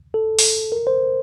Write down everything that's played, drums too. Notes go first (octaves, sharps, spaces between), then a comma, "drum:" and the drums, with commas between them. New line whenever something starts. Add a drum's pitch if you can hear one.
A4
drum: open hi-hat
A#4
C5